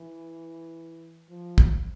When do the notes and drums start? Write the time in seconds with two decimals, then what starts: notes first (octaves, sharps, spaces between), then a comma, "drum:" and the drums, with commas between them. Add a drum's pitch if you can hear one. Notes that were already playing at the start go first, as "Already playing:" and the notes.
Already playing: E3
1.30 F3
1.58 drum: kick